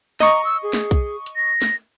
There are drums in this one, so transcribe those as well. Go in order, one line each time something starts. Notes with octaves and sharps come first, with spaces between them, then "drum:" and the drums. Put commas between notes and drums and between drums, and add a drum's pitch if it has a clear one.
D#5 A#5 C#6, drum: snare
E6
G#4
drum: snare
drum: kick B1, hi-hat
drum: hi-hat
A#6
drum: snare